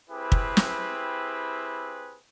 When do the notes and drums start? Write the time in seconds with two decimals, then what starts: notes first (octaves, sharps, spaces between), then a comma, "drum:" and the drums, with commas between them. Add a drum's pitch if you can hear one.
0.10 C4 E4 G4 G#4 B4
0.32 drum: kick
0.57 drum: snare